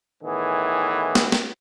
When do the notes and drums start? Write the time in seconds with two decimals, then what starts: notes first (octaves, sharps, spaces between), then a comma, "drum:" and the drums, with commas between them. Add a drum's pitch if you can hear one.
0.23 A2 D#3 E3 B3 G#4
1.15 drum: snare
1.32 drum: snare